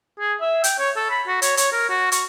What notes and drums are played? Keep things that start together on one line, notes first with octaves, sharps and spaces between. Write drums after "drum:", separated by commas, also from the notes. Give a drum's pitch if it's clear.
G#4
E5
G5, drum: hi-hat
C#5
A4
B5
F#4
C#5, drum: hi-hat
C#5, drum: hi-hat
A#4
F#4
C#6, drum: hi-hat